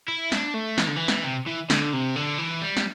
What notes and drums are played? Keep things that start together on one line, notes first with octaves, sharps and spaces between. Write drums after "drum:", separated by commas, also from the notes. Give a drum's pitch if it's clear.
E4
D4, drum: snare
A3
E3, drum: snare
D3
E3
drum: snare
C3
E3
D3, drum: snare
C3
D3
E3
G3
drum: snare